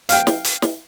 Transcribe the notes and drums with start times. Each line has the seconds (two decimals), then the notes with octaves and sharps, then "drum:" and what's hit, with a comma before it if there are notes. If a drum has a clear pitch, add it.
0.09 F5 G5, drum: hi-hat
0.27 drum: snare
0.44 drum: hi-hat
0.62 drum: snare